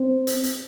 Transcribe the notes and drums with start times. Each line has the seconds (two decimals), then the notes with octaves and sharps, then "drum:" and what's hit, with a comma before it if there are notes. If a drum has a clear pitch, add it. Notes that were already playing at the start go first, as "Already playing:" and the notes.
Already playing: C4
0.27 drum: hi-hat
0.43 drum: hi-hat